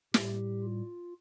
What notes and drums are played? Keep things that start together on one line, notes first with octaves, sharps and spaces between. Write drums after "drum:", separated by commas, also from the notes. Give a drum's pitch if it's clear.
A2 G3 G4, drum: snare
F4